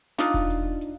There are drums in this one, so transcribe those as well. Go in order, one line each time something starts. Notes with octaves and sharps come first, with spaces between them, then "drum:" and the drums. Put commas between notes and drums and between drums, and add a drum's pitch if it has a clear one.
D4 D#4 F4, drum: snare
drum: kick E1
drum: hi-hat
drum: hi-hat